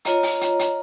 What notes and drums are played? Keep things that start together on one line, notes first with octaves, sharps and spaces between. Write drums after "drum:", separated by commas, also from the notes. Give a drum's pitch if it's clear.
F4 C#5 D#5 A#5, drum: hi-hat
drum: open hi-hat
drum: hi-hat
drum: hi-hat